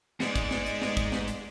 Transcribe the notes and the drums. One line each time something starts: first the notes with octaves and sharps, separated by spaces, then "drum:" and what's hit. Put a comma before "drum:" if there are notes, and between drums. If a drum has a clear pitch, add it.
E2 G#2 G#3 D5, drum: snare
drum: kick, hi-hat
drum: snare
drum: hi-hat
drum: snare
drum: kick, hi-hat
drum: snare
drum: hi-hat